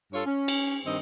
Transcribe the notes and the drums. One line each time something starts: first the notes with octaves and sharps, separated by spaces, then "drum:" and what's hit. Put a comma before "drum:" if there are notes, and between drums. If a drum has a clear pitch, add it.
G2 F4 A4 C#5
C#4
drum: cymbal
G2 D#3 C4 D#5